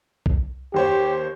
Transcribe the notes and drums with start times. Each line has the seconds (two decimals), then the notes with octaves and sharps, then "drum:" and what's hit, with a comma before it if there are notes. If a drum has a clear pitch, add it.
0.26 drum: kick
0.74 D#2 G4 C5 C#5